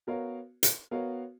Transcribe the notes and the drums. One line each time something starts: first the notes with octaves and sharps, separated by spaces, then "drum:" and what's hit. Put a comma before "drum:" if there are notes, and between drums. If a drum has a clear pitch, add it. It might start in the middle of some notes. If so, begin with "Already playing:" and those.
B3 F#4 A#4 C#5 F5
drum: hi-hat
B3 F#4 A#4 C#5 F5